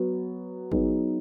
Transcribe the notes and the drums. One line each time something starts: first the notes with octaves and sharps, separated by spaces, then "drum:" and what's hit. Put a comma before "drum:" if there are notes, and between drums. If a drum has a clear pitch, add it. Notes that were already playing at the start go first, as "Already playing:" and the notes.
Already playing: F#3 B3 F#4 B4
F#3 B3 D#4 G#4, drum: kick